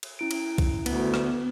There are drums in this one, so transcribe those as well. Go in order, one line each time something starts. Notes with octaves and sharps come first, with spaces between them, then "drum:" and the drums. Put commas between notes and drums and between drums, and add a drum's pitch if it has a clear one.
drum: cymbal
C#4 E4 D7
drum: cymbal
drum: kick, cymbal
D2 B3, drum: cymbal
drum: rim click